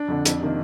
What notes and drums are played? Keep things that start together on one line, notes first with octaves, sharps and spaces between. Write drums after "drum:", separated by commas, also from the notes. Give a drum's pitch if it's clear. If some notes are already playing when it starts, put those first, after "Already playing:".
Already playing: D4
F2 D3
F2, drum: hi-hat
C3 D#3 A#3